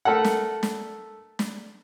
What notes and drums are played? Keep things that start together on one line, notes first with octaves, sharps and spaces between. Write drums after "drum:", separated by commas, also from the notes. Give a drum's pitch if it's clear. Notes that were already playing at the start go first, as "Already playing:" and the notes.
A3 A4 A#4 F#5
drum: snare
drum: snare
drum: snare